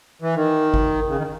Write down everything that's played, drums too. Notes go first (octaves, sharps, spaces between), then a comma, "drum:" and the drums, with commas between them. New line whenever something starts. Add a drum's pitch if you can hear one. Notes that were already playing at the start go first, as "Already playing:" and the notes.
E3
D#3
drum: kick G#1
C#3
D#3